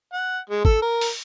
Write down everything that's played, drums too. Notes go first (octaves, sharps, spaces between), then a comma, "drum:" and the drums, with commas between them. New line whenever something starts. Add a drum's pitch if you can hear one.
F#5
G#3
A4, drum: kick G#1
A#4
drum: open hi-hat